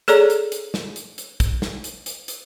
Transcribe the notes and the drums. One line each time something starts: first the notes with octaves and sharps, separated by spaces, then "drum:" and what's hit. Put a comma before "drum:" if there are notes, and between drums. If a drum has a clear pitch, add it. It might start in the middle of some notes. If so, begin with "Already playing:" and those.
G#4 A4 C#5 D5 A#5, drum: hi-hat
drum: hi-hat
drum: hi-hat
drum: snare
drum: hi-hat
drum: hi-hat
drum: kick, hi-hat
drum: snare
drum: hi-hat
drum: hi-hat
drum: hi-hat